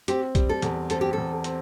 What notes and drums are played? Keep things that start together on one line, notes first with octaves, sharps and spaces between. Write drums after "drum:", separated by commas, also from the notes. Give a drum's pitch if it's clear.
C4 G4, drum: hi-hat
G3, drum: kick, hi-hat
A4
E2, drum: hi-hat
C4 A4, drum: hi-hat
G4
E2 A4
C4, drum: hi-hat